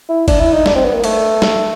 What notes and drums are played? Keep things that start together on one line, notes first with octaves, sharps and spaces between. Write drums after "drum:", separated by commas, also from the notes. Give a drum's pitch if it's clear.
E4
D4, drum: kick, cymbal
E4
D#4
D4, drum: snare
C4
B3
A#3
A3, drum: cymbal
drum: snare